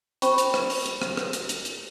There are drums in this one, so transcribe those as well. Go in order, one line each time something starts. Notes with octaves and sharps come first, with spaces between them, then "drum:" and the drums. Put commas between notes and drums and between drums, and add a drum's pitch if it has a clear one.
C#4 C5 G5 B5 C#6, drum: hi-hat
drum: hi-hat
drum: rim click
drum: open hi-hat
drum: hi-hat
drum: rim click
drum: rim click
drum: hi-hat
drum: hi-hat
drum: hi-hat